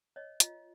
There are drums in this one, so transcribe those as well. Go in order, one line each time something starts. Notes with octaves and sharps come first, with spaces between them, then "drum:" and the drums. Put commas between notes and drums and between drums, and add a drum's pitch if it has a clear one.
C#5 D#5
F4 D#5, drum: hi-hat